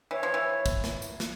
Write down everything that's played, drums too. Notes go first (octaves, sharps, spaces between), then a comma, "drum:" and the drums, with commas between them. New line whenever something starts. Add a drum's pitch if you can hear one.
E3 C#5
F3
E3
drum: kick, tambourine
drum: snare
drum: tambourine
drum: snare